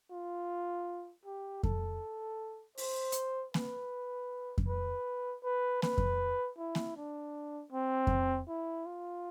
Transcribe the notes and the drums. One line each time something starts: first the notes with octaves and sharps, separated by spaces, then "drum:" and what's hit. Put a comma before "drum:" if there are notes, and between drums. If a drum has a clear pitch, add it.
F4
G4
A4, drum: kick F2
C5, drum: open hi-hat
drum: hi-hat
B4, drum: snare A#3
drum: kick F2
B4
B4
B4, drum: snare A#3
drum: kick F2
E4
drum: snare A#3
D4
C4
drum: kick F2
E4
F4